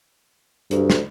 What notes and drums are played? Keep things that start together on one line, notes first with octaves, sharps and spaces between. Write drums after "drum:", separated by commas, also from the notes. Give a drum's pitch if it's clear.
D2 G2, drum: hi-hat
drum: snare